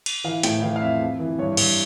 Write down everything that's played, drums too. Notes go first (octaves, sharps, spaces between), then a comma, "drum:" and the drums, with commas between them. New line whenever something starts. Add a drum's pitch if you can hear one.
drum: cymbal
E3 F5
A2 G5, drum: hi-hat
E3 F5
F5
F2 E5
F2
E3
G2 C#5
G2, drum: cymbal